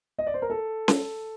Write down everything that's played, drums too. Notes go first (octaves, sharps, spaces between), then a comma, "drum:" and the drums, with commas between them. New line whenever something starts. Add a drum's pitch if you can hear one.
D#5
D5
C5
A#4
A4
drum: snare C#4